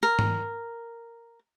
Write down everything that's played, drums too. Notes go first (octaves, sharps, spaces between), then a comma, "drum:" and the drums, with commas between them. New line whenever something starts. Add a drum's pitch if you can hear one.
A#4
drum: tom G#2